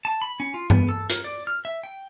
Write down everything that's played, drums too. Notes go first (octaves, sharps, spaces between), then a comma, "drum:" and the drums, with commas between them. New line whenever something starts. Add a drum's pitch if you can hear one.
A5
B5
C#4
F4
B3, drum: tom G2
A4
A#4, drum: hi-hat
D5
F6
E5
G5